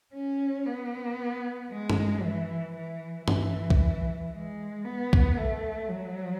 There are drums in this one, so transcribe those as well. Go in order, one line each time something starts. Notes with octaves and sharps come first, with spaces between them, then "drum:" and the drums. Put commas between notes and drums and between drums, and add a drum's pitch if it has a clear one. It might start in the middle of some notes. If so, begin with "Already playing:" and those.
C#4
B3
G#3
drum: tom G2
E3
E3
E3, drum: tom G2
drum: kick
G#3
B3
drum: kick
A3
F#3